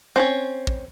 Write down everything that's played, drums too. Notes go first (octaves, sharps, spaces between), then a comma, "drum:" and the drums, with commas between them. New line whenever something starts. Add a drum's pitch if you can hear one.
C4 C#4 C#5
drum: kick